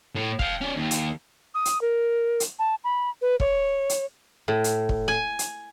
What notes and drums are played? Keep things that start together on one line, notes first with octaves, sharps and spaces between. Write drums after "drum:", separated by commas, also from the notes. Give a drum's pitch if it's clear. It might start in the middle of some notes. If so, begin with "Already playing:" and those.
A2
F5 G5, drum: kick
C#4 D5
D#2
drum: hi-hat
D#6
drum: hi-hat
A#4
drum: hi-hat
A5
B5
B4
C#5, drum: kick
drum: hi-hat
A2
drum: hi-hat
drum: kick
G#5
drum: hi-hat